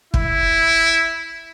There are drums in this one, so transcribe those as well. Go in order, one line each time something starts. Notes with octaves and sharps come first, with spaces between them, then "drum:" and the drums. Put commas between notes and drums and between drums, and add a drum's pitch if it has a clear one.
E4, drum: kick